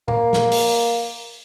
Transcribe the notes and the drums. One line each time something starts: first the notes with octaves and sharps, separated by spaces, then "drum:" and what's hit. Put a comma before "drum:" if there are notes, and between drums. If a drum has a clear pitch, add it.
A#3, drum: tom A#2
drum: snare
drum: open hi-hat